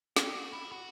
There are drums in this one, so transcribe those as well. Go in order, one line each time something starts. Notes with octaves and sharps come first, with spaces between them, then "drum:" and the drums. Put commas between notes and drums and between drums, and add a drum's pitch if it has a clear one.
G4, drum: snare
F#4
E4
F#4